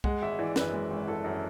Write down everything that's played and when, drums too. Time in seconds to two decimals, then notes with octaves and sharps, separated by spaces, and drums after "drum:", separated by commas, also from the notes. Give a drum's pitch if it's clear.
0.04 G#3 F#5, drum: kick C2
0.22 G#1 E5
0.39 E3 D5
0.56 F#2 B4, drum: snare
0.73 G#3
0.91 G#1
1.07 E3 A4
1.24 F#2